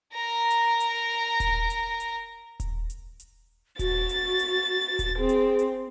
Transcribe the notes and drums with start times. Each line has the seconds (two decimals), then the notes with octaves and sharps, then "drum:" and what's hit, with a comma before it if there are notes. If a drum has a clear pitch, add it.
0.14 A#4 A#5
0.50 drum: hi-hat
0.80 drum: hi-hat
1.40 drum: kick D#1, hi-hat
1.70 drum: hi-hat
2.00 drum: hi-hat
2.60 drum: kick D#1, hi-hat
2.90 drum: hi-hat
3.20 drum: hi-hat
3.79 F#4 A6, drum: kick D#1, hi-hat
4.09 drum: hi-hat
4.39 drum: hi-hat
4.99 drum: kick D#1, hi-hat
5.18 C4 G#4
5.29 drum: hi-hat
5.59 drum: hi-hat